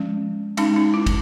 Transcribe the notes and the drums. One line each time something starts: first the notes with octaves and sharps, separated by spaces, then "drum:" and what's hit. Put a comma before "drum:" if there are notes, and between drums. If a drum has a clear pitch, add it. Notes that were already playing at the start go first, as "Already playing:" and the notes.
Already playing: F3 G#3 C#4
G#3 C#4 D#4, drum: cymbal
D#4
E4
drum: kick, cymbal